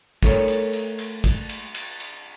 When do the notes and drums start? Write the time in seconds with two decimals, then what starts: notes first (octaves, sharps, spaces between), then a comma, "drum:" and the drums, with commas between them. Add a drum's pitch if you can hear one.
0.23 A3 A#4 C#5, drum: kick, cymbal
0.48 drum: cymbal
0.73 drum: cymbal
0.99 drum: cymbal
1.24 drum: kick, cymbal
1.49 drum: cymbal
1.75 drum: cymbal
2.00 drum: cymbal